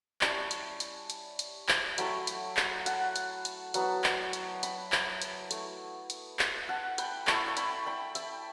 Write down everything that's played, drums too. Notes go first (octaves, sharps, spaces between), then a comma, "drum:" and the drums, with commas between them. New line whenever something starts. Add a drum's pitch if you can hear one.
G3 C#4 E4 A5 C#6, drum: clap
drum: hi-hat
drum: hi-hat
drum: hi-hat
drum: hi-hat
drum: clap
F#3 A3 E4 G5 B5, drum: hi-hat
drum: hi-hat
drum: clap
F#5 A5, drum: hi-hat
drum: hi-hat
drum: hi-hat
F#3 B3 E4 F#5 A5, drum: hi-hat
drum: clap
drum: hi-hat
G5 B5, drum: hi-hat
drum: clap
drum: hi-hat
A3 E4, drum: hi-hat
drum: hi-hat
drum: clap
F#5 A5
G5 B5, drum: hi-hat
A3 E4 A5 C#6, drum: clap
A5
G5 B5, drum: hi-hat
G5 B5
E5 G5, drum: hi-hat